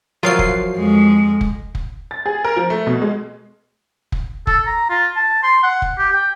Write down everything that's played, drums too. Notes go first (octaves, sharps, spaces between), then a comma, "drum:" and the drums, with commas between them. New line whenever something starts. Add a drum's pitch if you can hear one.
F3 F#3 F4 A#4 F5 C7
drum: kick
F2 G#3
drum: kick
drum: kick
A6
G#4
A#4
F3
A3
B2
G#3
drum: kick
A4, drum: kick
A#5
F4
A5
C6
F#5
drum: kick
G4
G5